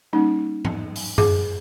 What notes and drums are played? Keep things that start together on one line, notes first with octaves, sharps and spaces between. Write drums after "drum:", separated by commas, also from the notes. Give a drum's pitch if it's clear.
G3 A#3 C#4 D#4
drum: tom G#2
drum: open hi-hat
G#4, drum: tom F#2